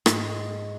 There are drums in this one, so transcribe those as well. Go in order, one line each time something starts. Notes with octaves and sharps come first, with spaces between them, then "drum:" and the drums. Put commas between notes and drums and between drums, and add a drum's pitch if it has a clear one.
G#2, drum: rim click